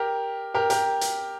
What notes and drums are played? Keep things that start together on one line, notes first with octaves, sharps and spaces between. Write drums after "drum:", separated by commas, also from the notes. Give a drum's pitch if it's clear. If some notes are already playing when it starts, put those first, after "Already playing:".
Already playing: G4 A#4
G4 A#4
G4 A#4, drum: hi-hat
drum: hi-hat